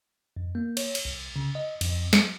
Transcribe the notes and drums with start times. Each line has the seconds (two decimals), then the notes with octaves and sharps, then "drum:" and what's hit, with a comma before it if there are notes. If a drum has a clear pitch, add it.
0.37 F2
0.55 A#3
0.77 C#5, drum: cymbal
0.95 drum: cymbal
1.05 C2
1.36 C#3
1.55 D#5
1.81 F2, drum: cymbal
2.13 F#3, drum: snare